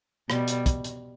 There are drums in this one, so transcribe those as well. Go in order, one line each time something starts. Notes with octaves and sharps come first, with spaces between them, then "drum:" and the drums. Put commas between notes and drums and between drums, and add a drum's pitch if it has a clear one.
B2 G3, drum: rim click
drum: hi-hat
drum: kick, hi-hat
drum: hi-hat